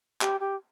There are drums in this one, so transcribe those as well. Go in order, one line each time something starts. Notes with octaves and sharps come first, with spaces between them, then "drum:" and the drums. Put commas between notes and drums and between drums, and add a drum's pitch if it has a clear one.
G4, drum: clap
G4